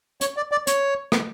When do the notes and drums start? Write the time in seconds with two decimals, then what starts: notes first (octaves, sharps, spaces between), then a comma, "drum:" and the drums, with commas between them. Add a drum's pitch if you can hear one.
0.21 C#5, drum: hi-hat
0.37 D5
0.52 D5
0.67 C#5, drum: hi-hat
1.12 drum: rim click